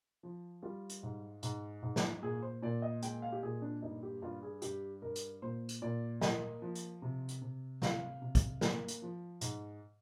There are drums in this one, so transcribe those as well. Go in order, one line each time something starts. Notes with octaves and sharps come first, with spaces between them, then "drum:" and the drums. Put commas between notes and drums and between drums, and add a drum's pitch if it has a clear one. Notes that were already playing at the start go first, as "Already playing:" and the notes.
F3
G3 F4
drum: hi-hat
G#2
G#2, drum: hi-hat
G#2
drum: snare
A#2 G#4
C5
A#2 D5
D#5
G#3 G5, drum: hi-hat
F5
G4
A#2 G#4
D4
G2 D#4
G4
G2 F4
G#4
G2 G4, drum: hi-hat
G2 A#4
drum: hi-hat
A#2 C5
drum: hi-hat
A#2 D5
A#3 D#5, drum: snare
F3
drum: hi-hat
C3
drum: hi-hat
C3
C3 F5, drum: snare
C3
drum: kick, hi-hat
A#3, drum: snare
drum: hi-hat
F3
G#2, drum: hi-hat